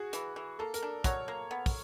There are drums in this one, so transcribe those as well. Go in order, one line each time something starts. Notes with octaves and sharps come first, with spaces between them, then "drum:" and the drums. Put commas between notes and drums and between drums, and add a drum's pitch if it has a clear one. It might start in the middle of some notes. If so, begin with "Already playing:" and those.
Already playing: F#4 G#4
E3, drum: hi-hat
E3
A#3 A4
A#4, drum: hi-hat
D4
F#3 C#5, drum: kick, hi-hat
A#3
B3
drum: kick, open hi-hat